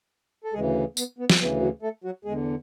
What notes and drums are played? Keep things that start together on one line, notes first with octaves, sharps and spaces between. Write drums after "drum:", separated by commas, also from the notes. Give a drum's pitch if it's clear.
A4
D2 C#3 E3 G#3 G#4
B3, drum: tambourine
B3
drum: snare
D2 C#3 E3 B3
F#3 F#4
A3 A4
F#3 F#4
E2 D3 G#3 G#4